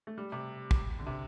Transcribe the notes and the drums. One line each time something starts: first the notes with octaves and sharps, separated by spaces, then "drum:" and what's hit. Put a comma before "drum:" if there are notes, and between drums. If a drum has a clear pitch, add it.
A3
G3
C3
drum: kick
D3
C3